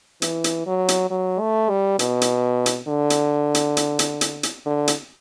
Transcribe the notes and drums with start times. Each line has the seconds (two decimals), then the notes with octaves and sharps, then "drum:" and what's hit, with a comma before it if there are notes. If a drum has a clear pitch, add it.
0.22 E3, drum: hi-hat
0.44 drum: hi-hat
0.67 F#3
0.88 drum: hi-hat
1.11 F#3
1.40 A3
1.70 G3
1.99 B2, drum: hi-hat
2.21 drum: hi-hat
2.66 drum: hi-hat
2.88 D3
3.10 drum: hi-hat
3.55 drum: hi-hat
3.77 drum: hi-hat
3.99 drum: hi-hat
4.21 drum: hi-hat
4.43 drum: hi-hat
4.66 D3
4.88 drum: hi-hat